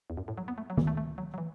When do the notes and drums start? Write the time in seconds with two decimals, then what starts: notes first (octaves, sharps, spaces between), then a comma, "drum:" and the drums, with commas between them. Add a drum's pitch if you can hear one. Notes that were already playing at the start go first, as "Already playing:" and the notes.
0.10 E2
0.17 F#2
0.28 A2
0.38 F#3
0.48 B3
0.58 A3
0.70 F#3
0.77 E3, drum: tom D#3
0.87 A3
0.97 A3
1.18 F#3
1.34 F#3
1.38 E3